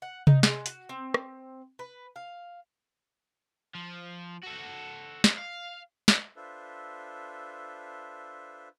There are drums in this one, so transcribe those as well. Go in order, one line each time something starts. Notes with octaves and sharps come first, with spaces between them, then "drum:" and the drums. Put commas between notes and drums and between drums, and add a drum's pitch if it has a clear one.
F#5
D#4, drum: tom C3
G#3, drum: snare
F#4, drum: hi-hat
C4
drum: rim click
B4
F5
F3
F#4 A4
drum: snare
F5
drum: snare
D4 F4 A4 B4 C5 E5